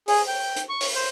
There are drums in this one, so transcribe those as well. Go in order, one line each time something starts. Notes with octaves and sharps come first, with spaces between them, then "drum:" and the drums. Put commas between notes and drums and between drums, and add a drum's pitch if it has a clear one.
G#4, drum: open hi-hat
G5
drum: hi-hat
C#6
drum: open hi-hat
C5